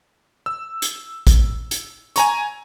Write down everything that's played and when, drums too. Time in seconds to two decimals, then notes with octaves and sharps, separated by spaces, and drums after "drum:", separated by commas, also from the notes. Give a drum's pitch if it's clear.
0.46 E6
0.82 drum: hi-hat
1.27 drum: kick, hi-hat
1.71 drum: hi-hat
2.16 G#5 A#5 C#6, drum: hi-hat